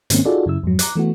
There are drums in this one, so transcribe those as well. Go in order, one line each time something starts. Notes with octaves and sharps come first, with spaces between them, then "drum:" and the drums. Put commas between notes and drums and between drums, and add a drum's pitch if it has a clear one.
G#2 D#3 A#3 C4 C#4, drum: hi-hat
D#4 F4 F#4 G#4 A4 D5
F#2 C#3 E4 E6
F2 G#2 F#3
A#5 D6 F#6, drum: hi-hat
E3 A3 B3 F#4